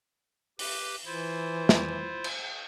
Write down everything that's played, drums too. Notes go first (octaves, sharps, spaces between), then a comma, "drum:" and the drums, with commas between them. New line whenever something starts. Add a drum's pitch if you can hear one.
G4 B4 D6, drum: open hi-hat
E3 E4 F4 C5
drum: snare
drum: cymbal